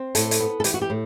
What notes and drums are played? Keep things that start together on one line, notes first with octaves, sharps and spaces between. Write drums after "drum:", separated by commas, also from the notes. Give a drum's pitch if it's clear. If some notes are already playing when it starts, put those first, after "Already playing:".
Already playing: C4
A2 A4, drum: hi-hat
drum: hi-hat
B3
A4
E3 G4, drum: hi-hat
F#4
G4
A2